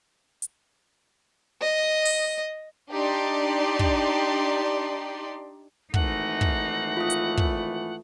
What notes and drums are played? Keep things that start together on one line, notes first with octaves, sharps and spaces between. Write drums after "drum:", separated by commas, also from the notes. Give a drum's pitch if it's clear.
drum: hi-hat
D#5
drum: open hi-hat
D4 D#4 G4 D5 C6
drum: kick
G#1 E3 A3 D#4 F#5, drum: kick
drum: kick
F4 D#6
drum: hi-hat
drum: kick